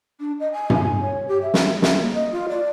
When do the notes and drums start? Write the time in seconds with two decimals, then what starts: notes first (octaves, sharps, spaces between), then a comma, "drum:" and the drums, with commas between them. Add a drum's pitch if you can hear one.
0.20 D4
0.40 D#5
0.53 G#5
0.70 drum: tom G2
1.01 C#5
1.28 G4
1.42 E5
1.54 drum: snare
1.82 E5, drum: snare
2.00 A#3
2.14 D#5
2.32 F4
2.49 D5